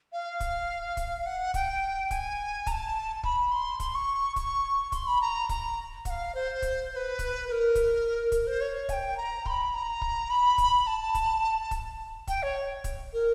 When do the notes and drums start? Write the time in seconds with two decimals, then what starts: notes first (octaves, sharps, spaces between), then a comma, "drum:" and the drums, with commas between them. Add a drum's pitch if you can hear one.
0.12 F5
0.40 drum: kick, hi-hat
0.97 drum: kick, hi-hat
1.25 F#5
1.54 G5, drum: kick, hi-hat
2.11 G#5, drum: kick, hi-hat
2.67 A#5, drum: kick, hi-hat
2.71 A5
3.23 B5, drum: kick
3.51 C6
3.80 C6, drum: kick, hi-hat
3.94 C#6
4.36 C#6, drum: kick, hi-hat
4.92 C6, drum: kick, hi-hat
5.06 B5
5.21 A#5
5.49 A#5, drum: kick, hi-hat
6.05 F#5, drum: kick, hi-hat
6.10 F5
6.34 C5
6.62 drum: kick, hi-hat
6.91 C5
6.95 B4
7.19 drum: kick, hi-hat
7.47 B4
7.51 A#4
7.75 drum: kick, hi-hat
8.32 A#4, drum: kick, hi-hat
8.46 C5
8.60 C#5
8.89 G#5, drum: kick, hi-hat
8.92 G5
9.16 A#5
9.46 C6, drum: kick
9.49 B5
9.73 A#5
10.02 drum: kick
10.29 B5
10.58 drum: kick, hi-hat
10.86 A5
11.15 drum: kick, hi-hat
11.71 drum: kick, hi-hat
12.27 G5, drum: kick, hi-hat
12.42 C#5
12.84 drum: kick, hi-hat
13.12 A#4